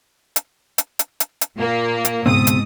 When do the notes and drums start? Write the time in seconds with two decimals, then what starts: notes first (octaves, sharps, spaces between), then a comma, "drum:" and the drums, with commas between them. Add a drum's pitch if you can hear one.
0.36 drum: hi-hat
0.78 drum: hi-hat
0.99 drum: hi-hat
1.20 drum: hi-hat
1.41 drum: hi-hat
1.57 A#2 A#3
2.05 drum: hi-hat
2.26 C#2 G#2 B2 C4 D#6
2.47 drum: hi-hat